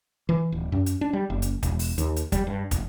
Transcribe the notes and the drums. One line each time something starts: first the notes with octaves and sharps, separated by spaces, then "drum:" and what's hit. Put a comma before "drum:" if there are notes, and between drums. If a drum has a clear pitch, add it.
E3
D1
F#2
drum: hi-hat
D4
G3
F#1
drum: hi-hat
E1, drum: kick, hi-hat
drum: open hi-hat
D#2, drum: hi-hat
drum: hi-hat
G3, drum: kick, hi-hat
G2
F1, drum: kick, hi-hat